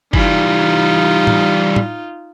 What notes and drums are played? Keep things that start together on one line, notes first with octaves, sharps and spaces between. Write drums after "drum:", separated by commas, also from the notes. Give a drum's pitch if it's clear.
E3 G3 D#4 F4, drum: kick F#1
drum: tom
drum: tom